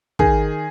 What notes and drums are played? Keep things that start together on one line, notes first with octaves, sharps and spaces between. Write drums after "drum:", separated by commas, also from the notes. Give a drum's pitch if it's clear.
D#3 G#4, drum: kick